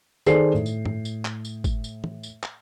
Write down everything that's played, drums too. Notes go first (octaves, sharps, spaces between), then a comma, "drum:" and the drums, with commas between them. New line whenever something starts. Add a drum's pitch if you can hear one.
D#3 G#4 A4 C5 D5 C7, drum: tambourine
A2
drum: tambourine
drum: tom G2
drum: tambourine
drum: clap
drum: tambourine
drum: kick G#1, tambourine
drum: tambourine
drum: tom
drum: tambourine
drum: clap